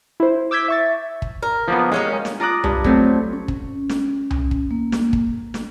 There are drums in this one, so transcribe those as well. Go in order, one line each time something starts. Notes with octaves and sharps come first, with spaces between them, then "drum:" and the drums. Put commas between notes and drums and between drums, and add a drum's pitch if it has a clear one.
E4 C5
D6 E6 G6 G#6 B6
E5 C#6 A6
drum: kick
A#4
F3 A#3 B3
G#3 A#3 C#4 G4
drum: snare
F4 A#5 D6 D#6 F#6
G2, drum: tom C2
F#3 A3 C4 F4, drum: kick
C#4
drum: kick
drum: snare
drum: tom C2
drum: kick
A#3
drum: snare
drum: kick
drum: snare